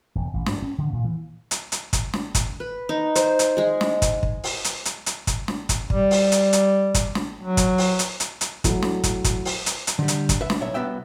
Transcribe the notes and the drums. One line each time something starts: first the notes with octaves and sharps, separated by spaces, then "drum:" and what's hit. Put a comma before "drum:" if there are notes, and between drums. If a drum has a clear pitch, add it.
E1
A1
G2, drum: snare
C#4
D3
A#2
E3
drum: hi-hat
drum: hi-hat
drum: kick, hi-hat
drum: snare
drum: kick, hi-hat
B4
D#4
C5, drum: hi-hat
drum: hi-hat
G#3 G#4
drum: snare
drum: kick, hi-hat
drum: kick
drum: open hi-hat
drum: hi-hat
drum: hi-hat
drum: hi-hat
drum: kick, hi-hat
drum: snare
drum: kick, hi-hat
G3, drum: kick
drum: open hi-hat
drum: hi-hat
drum: hi-hat
drum: kick, hi-hat
drum: snare
F#3
drum: kick, hi-hat
drum: open hi-hat
drum: hi-hat
drum: hi-hat
drum: hi-hat
F#3 A3 E4, drum: kick, hi-hat
drum: snare
drum: kick, hi-hat
drum: kick, hi-hat
drum: open hi-hat
drum: hi-hat
drum: hi-hat
D3 G3
drum: hi-hat
drum: kick, hi-hat
B4 E5
drum: snare
B1 C#5 E5
C2 G2 B3 F#4 E5 G5